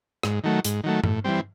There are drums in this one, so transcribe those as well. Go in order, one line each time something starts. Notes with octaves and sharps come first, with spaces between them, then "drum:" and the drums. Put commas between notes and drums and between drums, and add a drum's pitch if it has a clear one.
G#2, drum: rim click
D#3 F#3 A3
G#2, drum: hi-hat
D#3 F#3 A3
A2, drum: tom G2
E3 G3 C4